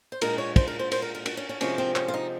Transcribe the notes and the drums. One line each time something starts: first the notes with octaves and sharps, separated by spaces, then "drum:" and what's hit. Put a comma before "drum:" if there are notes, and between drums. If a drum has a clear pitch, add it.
C5
A#2 G#3 A#4, drum: cymbal
C#5
C5, drum: kick, cymbal
A#4
C5
C5, drum: cymbal
A#4
A#4
F#4, drum: cymbal
C#4
C#4
C3 F3 G#3 C#4, drum: cymbal
C4
C#4, drum: clap
F4
D#4